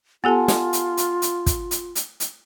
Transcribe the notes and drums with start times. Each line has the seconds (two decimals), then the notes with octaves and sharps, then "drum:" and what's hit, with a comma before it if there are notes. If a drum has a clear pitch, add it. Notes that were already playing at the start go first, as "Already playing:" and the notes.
0.24 B3 F4 G4 A4 F#5 G#5 A5
0.48 drum: snare
0.73 drum: hi-hat
0.97 drum: hi-hat
1.22 drum: hi-hat
1.46 drum: kick, hi-hat
1.71 drum: hi-hat
1.95 drum: hi-hat
2.20 drum: hi-hat